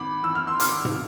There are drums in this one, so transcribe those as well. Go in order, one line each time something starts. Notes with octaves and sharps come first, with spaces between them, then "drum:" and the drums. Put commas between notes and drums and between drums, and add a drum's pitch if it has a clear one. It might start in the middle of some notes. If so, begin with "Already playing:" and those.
Already playing: G#1 B5 D6
E3 E6
F6
C6 E6
G#1 D6 F6, drum: hi-hat
drum: tom G#2